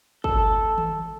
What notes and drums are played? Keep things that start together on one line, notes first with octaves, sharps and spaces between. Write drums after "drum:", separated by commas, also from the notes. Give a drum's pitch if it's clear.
A4, drum: kick
drum: tom D#3